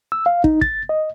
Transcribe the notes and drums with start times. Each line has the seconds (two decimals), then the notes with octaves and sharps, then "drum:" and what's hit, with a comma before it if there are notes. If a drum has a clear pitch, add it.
0.12 E6
0.26 F5
0.44 D#4, drum: kick
0.61 A6, drum: kick
0.89 D#5